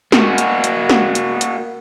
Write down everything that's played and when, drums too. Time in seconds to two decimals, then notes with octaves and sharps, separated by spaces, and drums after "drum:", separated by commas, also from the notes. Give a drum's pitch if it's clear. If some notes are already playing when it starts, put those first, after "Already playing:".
0.12 A#3 F#4, drum: snare
0.38 drum: hi-hat
0.64 drum: hi-hat
0.90 drum: snare
1.15 drum: hi-hat
1.41 drum: hi-hat